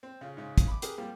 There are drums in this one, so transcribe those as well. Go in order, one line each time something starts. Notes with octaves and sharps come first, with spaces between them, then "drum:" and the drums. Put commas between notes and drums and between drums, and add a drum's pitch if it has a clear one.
C4
C#3 F4
G#2 C#3
drum: kick, hi-hat
B5 D6
G4 G#4 A#4 B4, drum: hi-hat
G3 A#3 C4 F4 G4